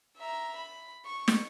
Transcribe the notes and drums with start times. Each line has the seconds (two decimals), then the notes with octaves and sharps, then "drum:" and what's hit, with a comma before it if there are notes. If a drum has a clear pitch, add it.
0.17 E5 A#5
0.56 B5
1.06 C#6
1.28 drum: snare